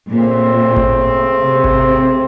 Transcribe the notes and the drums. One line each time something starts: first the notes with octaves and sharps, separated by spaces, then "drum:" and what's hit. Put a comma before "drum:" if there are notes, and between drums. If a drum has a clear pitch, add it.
A#2 C#3 A3 C4
drum: kick G#1
C3
drum: kick G#1